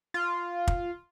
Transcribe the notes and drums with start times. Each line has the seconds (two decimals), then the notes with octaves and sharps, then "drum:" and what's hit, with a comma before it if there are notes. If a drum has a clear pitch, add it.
0.14 F4
0.68 drum: kick